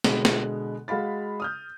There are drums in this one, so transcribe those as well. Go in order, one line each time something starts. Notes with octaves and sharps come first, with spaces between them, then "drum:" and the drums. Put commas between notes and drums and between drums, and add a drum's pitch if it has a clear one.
B2 D3 G#3 B3, drum: snare
drum: snare
G#3 F#4 F5 B5 A6
D#6 F6 G6